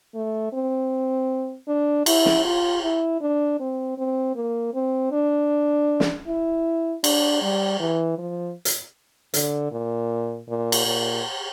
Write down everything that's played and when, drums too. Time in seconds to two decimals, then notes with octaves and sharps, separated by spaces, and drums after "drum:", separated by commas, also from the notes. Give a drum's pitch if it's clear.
0.15 A3
0.53 C4
1.68 D4
2.06 E4, drum: cymbal
2.26 drum: snare
2.45 F4
2.83 E4
3.21 D4
3.60 C4
3.98 C4
4.36 A#3
4.74 C4
5.12 D4
6.00 drum: snare
6.27 E4
7.04 D4, drum: cymbal
7.42 G3
7.80 E3
8.18 F3
8.65 drum: hi-hat
9.34 D3, drum: hi-hat
9.72 A#2
10.49 A#2
10.72 drum: cymbal
10.86 A#2